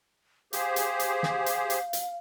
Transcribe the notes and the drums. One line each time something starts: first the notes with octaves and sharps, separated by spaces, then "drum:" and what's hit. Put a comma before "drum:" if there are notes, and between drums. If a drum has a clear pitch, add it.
G4 G#4 C5 F5, drum: hi-hat
drum: hi-hat
drum: hi-hat
drum: snare
drum: hi-hat
drum: hi-hat
drum: hi-hat